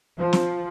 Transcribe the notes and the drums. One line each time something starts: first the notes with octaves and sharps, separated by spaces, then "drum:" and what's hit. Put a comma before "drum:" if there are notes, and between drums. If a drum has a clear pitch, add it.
F3
drum: snare